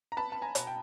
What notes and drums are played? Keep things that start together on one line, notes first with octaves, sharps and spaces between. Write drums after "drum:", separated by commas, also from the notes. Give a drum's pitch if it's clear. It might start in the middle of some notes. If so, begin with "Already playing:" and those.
A#5
B3 A5 B5
B3 A5
G#5 A#5
B2, drum: hi-hat
G5